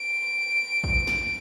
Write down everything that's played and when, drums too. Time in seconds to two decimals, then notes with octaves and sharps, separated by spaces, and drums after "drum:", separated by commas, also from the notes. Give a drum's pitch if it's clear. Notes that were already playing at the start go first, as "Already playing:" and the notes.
Already playing: D7
0.84 drum: kick
1.07 drum: snare